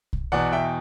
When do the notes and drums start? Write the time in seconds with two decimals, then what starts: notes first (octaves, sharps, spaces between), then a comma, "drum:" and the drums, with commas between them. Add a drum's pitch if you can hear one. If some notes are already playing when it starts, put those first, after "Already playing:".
0.13 drum: kick B1
0.32 E2 B2 D5 F#5
0.52 E5 G5